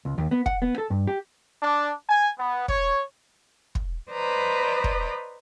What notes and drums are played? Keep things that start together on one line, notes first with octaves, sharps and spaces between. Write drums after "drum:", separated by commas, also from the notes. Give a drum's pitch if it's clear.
C#2
D#2
B3
F#5, drum: kick
B3
A4
G2
G4
D4
G#5
B3
C#5, drum: kick
drum: kick
B4 C5 D5 D#5 A#5 B5
drum: kick